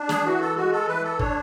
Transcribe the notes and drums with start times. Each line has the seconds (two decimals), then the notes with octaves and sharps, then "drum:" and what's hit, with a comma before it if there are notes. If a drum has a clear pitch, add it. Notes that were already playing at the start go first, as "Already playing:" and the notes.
Already playing: D4
0.09 G#4, drum: snare
0.25 E3 F#4
0.41 A4
0.56 G#3 F#4
0.72 A4
0.88 E3 B4
1.04 A4
1.19 D4 C#5, drum: kick